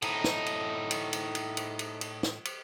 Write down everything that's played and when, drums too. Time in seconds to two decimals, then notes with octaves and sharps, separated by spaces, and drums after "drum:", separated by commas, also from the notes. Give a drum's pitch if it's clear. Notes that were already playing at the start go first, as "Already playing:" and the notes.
0.02 A2 D#4, drum: cymbal
0.24 drum: snare
0.46 drum: cymbal
0.91 drum: cymbal
1.13 drum: cymbal
1.35 drum: cymbal
1.57 drum: cymbal
1.79 drum: cymbal
2.01 drum: cymbal
2.23 drum: snare
2.45 drum: cymbal